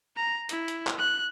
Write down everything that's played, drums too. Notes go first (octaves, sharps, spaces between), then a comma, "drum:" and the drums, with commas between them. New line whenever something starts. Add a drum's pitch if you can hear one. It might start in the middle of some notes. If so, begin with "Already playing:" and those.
A#5
E4, drum: hi-hat
drum: hi-hat
drum: clap
F#6